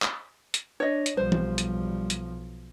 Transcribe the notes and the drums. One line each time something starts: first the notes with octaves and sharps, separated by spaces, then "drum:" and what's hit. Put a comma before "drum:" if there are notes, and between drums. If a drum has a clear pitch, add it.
drum: clap
drum: hi-hat
D4 C#5 D#5
drum: hi-hat
B1 F3 G3 C5
drum: tom
drum: hi-hat
drum: hi-hat